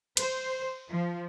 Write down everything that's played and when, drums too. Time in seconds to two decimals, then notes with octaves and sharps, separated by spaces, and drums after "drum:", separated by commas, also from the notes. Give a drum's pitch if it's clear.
0.17 C5, drum: cymbal
0.89 F3